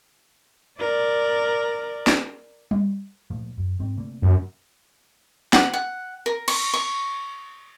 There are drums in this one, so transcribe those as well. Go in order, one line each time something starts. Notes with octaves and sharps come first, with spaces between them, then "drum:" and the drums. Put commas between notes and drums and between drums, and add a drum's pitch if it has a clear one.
A#4 D5
drum: snare
drum: tom G3
A#2 F3 A3
F#2
G#2 G#3 C4
C3 A3 A#3
F#2
F#5, drum: snare
F#5
A#4
C#6, drum: cymbal
C#6